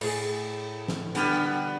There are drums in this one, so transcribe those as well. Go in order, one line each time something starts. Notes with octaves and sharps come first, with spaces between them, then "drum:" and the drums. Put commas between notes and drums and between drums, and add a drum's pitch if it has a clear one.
A2 G#4, drum: cymbal
drum: snare
D3 G3 B3, drum: hi-hat